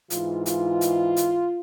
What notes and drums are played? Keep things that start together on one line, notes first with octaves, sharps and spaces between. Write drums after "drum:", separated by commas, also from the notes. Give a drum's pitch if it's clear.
G#2 E3 F4, drum: hi-hat
F4, drum: hi-hat
drum: hi-hat
drum: hi-hat